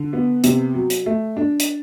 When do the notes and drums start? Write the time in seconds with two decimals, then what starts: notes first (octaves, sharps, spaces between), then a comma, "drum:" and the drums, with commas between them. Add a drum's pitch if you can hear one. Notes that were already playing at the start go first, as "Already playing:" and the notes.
Already playing: D3
0.13 B3
0.44 C3, drum: hi-hat
0.74 F#3
0.90 drum: hi-hat
1.06 A3
1.37 D4
1.60 drum: hi-hat